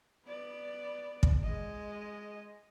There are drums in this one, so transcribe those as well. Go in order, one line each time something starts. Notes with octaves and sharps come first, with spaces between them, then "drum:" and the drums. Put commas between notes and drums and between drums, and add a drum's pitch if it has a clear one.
B3 D5
drum: kick
G#3 D#5